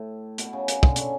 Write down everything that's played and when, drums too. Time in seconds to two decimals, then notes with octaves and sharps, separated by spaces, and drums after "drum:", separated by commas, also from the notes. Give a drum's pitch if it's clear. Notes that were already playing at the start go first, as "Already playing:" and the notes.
Already playing: A2
0.38 B2, drum: hi-hat
0.53 C#3
0.68 C#3, drum: hi-hat
0.83 D3, drum: kick
0.96 C#3, drum: hi-hat